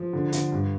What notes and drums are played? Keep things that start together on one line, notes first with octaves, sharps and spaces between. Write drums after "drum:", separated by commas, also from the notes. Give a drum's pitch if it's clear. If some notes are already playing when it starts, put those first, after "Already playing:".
Already playing: F3
D3
D3, drum: hi-hat
G2